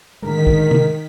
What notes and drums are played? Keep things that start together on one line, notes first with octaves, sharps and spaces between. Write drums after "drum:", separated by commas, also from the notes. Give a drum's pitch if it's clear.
A2 D3 D#3 G#3 A#4 B6
drum: kick
drum: tom C3